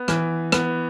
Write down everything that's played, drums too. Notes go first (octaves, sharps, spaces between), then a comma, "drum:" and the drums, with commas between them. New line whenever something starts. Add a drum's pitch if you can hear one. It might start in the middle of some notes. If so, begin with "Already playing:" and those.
Already playing: B3
E3, drum: rim click
B3, drum: rim click